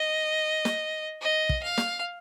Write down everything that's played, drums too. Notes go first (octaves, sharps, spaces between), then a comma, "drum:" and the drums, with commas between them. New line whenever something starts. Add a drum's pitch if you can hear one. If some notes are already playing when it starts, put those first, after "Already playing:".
Already playing: D#5
drum: snare
D#5
drum: kick
F5
drum: snare